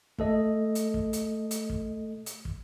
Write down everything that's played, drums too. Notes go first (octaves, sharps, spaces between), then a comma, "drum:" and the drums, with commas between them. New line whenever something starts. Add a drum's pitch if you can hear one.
A3 A4 D#5, drum: kick
drum: hi-hat
drum: kick
drum: hi-hat
drum: hi-hat
drum: kick
drum: hi-hat
drum: kick